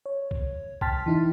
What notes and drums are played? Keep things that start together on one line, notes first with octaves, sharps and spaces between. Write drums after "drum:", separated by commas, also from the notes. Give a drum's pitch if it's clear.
C#5
drum: kick C2
G5 A5 C6 F6 A6 B6, drum: kick C2
E3 D#4 E4